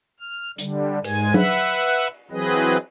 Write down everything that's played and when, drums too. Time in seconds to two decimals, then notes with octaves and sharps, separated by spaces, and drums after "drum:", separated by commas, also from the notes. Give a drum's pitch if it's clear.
0.20 F6
0.58 D3 G3, drum: hi-hat
1.04 G#2 G#3 G#5, drum: cymbal
1.34 B4 E5 F#5 B5, drum: tom F#3
2.31 E3 F#3 C4 G#4 B4 D#5